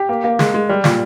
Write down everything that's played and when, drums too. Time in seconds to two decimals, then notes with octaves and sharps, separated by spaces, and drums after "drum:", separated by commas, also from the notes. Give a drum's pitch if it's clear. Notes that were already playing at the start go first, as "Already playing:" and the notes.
Already playing: G4
0.09 A#3
0.24 A#3
0.39 G#3, drum: snare
0.54 G#3
0.69 G3
0.84 A#2, drum: snare